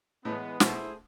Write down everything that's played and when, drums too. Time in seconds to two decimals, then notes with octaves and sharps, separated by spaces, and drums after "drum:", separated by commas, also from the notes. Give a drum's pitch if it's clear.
0.25 A2 E3 G#3 B3
0.60 B2 A3 E4 G#4 C5, drum: snare